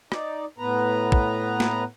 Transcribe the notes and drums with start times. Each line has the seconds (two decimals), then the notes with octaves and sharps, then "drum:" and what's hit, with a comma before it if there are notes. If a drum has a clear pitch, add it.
0.12 D#4 D5, drum: rim click
0.58 A2 B3 B4 A#5
1.12 drum: kick
1.60 drum: snare